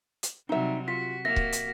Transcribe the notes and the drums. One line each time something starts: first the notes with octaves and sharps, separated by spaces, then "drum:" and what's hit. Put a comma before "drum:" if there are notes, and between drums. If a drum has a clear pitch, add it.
drum: hi-hat
C3 F#3 G3 D#4 E5
F4 F#4 B6
A#3 F#4 E5 A#6
drum: kick C#1
drum: hi-hat